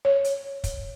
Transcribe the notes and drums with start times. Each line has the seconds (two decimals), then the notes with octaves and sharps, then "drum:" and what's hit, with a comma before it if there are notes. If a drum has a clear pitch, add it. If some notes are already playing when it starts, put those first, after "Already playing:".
0.05 C#5
0.24 drum: hi-hat
0.64 drum: kick, hi-hat